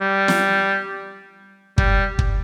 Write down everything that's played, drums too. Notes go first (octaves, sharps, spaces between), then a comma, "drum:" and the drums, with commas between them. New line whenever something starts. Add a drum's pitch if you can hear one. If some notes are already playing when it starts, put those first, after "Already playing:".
G3
drum: snare
G3, drum: kick
drum: kick